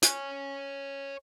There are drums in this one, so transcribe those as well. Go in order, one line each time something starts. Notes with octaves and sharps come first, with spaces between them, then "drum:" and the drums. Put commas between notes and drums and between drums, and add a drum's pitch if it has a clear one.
C#5 G#5, drum: hi-hat